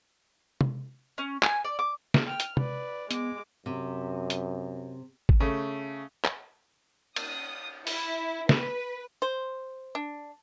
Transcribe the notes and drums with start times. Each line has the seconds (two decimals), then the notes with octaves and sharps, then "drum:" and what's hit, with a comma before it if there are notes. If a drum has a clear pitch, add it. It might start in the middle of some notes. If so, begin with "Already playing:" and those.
0.61 drum: tom
1.18 C#4
1.43 G#5, drum: clap
1.64 D5
1.79 D6
2.14 drum: snare
2.27 G5 F6
2.40 drum: hi-hat
2.57 B4 D5, drum: tom
3.11 G#3 B3 D6, drum: hi-hat
3.66 F#2 C3
4.30 drum: hi-hat
5.29 drum: kick
5.40 C#3 A3
6.25 drum: clap
7.16 D#6, drum: cymbal
7.87 E4, drum: open hi-hat
8.49 B4, drum: snare
9.22 C5
9.95 D4